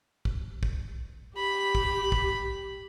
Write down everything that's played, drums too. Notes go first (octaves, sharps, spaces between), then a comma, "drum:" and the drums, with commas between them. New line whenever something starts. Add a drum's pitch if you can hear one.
drum: kick
drum: kick
G4 B5
drum: kick
drum: kick